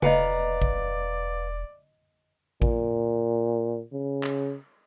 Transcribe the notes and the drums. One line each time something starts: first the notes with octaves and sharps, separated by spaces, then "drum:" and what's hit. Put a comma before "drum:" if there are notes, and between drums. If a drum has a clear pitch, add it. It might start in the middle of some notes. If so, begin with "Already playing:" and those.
E1 B4 D5 D#5 F5 G#5 A#5, drum: tom C#3
drum: kick A1
A#2, drum: kick A1
C#3
drum: clap